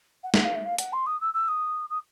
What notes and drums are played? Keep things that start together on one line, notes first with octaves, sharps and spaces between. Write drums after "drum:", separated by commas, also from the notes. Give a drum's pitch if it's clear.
F#5
F#5, drum: snare
F5
E5
F5
F#5, drum: hi-hat
C6
D#6
E6
E6
D#6
D#6